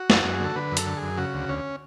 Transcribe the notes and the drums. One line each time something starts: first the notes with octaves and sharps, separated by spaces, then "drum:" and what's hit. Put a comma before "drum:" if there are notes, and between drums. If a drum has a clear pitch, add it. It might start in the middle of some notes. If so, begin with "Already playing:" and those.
Already playing: F#4
F#2, drum: snare
F#2
G#4
D3 A4
D3 B4
F#2
A4, drum: hi-hat
D3
G#4
F#2
C#3 F#4
D2
D2 C#4